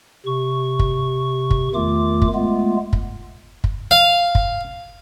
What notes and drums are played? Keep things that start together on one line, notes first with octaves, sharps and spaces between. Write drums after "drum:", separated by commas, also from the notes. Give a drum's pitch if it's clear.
C3 C#6
drum: kick F#1
drum: kick F#1
E2 D#3 A3 F4 D6
drum: kick F#1
G#3 A3 B3 F4
drum: kick F#1
drum: kick F#1
F5
drum: kick F#1